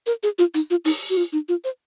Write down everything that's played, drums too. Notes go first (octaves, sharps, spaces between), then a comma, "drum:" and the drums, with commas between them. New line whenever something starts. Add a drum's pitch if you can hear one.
A#4
G#4
F4
D#4, drum: hi-hat
F4
D#4, drum: open hi-hat
F#4
F4
D#4
F4
C5